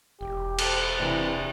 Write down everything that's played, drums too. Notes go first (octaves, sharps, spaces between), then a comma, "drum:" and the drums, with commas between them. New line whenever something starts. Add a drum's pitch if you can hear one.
E1 G4
A4 C5, drum: cymbal
C3 E3 D4